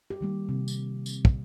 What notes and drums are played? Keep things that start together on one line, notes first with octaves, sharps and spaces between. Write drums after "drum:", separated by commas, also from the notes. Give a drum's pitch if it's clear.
G4
D#3 G3 A#3
C3
drum: tambourine
drum: tambourine
drum: kick